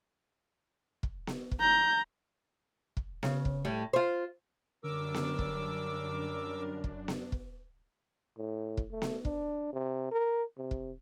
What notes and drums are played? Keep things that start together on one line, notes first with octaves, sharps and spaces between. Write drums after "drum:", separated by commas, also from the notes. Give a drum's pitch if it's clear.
drum: kick
drum: snare B3
drum: kick
A#5 G6
drum: kick
C#3, drum: snare B3
drum: kick
A2 G3
F4 C5
F#2 D3 G3 C#4 D4 A#4 D6 E6
drum: snare B3
drum: kick
drum: kick
drum: snare B3
drum: kick
A2
drum: kick
A3
drum: snare B3
D4, drum: kick
C3
A#4
C3
drum: kick